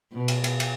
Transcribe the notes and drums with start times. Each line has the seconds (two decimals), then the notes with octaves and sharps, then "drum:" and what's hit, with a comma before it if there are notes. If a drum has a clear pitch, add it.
0.13 B2
0.28 drum: cymbal
0.44 drum: cymbal
0.60 drum: cymbal